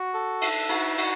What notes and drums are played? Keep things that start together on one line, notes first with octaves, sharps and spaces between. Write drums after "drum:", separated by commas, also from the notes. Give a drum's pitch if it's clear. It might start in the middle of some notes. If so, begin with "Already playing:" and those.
Already playing: F#4
A4
E5, drum: cymbal
F#4, drum: cymbal
F#4, drum: cymbal